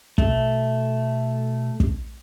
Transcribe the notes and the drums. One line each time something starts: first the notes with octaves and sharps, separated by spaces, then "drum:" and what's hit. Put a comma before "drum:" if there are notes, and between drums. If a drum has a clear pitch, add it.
B2 A3, drum: kick
drum: kick